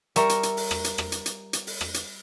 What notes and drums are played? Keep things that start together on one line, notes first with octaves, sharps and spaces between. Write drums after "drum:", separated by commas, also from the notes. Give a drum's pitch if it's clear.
G3 A#4 E5 A#5 C#6, drum: hi-hat
drum: hi-hat
drum: hi-hat
drum: open hi-hat
drum: rim click
drum: hi-hat
drum: rim click
drum: hi-hat
drum: hi-hat
drum: hi-hat
drum: open hi-hat
drum: rim click
drum: hi-hat